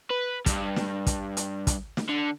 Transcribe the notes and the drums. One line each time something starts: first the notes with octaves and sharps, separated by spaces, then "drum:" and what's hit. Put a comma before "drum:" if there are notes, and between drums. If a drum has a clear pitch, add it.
B4
G2, drum: kick, hi-hat
drum: snare
drum: kick, hi-hat
drum: hi-hat
drum: kick, hi-hat
drum: snare
D3